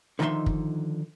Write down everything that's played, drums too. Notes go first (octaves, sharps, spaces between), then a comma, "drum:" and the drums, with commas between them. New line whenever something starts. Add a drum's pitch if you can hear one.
D3 D#3 F3 D#4 E5 C6
drum: kick